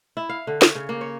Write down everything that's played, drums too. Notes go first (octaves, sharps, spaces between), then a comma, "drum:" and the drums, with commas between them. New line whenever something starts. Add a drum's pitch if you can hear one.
E4
F5
D3
C#5, drum: snare
C#3
A#3
C#5